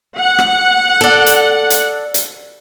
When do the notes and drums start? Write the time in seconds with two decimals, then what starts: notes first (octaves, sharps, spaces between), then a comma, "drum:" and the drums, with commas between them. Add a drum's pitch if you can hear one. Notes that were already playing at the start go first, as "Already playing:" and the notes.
0.17 F#5
0.39 drum: rim click
1.01 A4 D5
1.26 drum: hi-hat
1.70 drum: hi-hat
2.14 drum: hi-hat